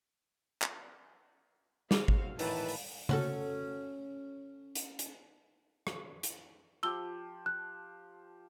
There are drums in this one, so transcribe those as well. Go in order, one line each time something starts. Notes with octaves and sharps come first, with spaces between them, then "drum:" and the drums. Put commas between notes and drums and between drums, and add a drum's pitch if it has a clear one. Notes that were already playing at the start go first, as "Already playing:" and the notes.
drum: clap
C4 F#4 G#4 F5 D6, drum: snare
drum: kick G#1
A2 D#3 E3 B4 A5 A#5, drum: open hi-hat
drum: open hi-hat
C#4 F#4 A4, drum: tom C#3
drum: hi-hat
drum: hi-hat
drum: rim click
drum: hi-hat
F3 G4 E6 G7
F#6